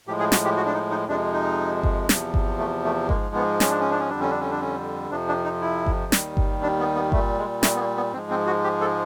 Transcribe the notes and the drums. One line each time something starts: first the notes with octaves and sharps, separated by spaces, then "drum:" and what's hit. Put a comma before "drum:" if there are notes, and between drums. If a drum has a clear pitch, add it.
A2 F3 G#3 G4
G#4
F#4, drum: snare
G4
F#4
D4
D#4
D#4
F2 C3 F3 G#3 D4
D#4
drum: kick G1
E2 C3 F3, drum: snare
drum: kick G1
A3
A3
G#2 F3 G#3 A#3, drum: kick G1
B3
C#4, drum: snare
D4
C#4
D4
C#4
F2 D3 G3 D4
C#4
D4
C#4
D4
C#4
F2 C3 F3 D4
D4
D#4
E4
drum: kick G1
D#2 D#3 G3, drum: snare
drum: kick G1
D4
B3
B3
A#2 G3 A3, drum: kick G1
G#3
A3, drum: snare
B3
A#3
B3
G#2 F3 G#3 C4
C4
F#4
G4
A4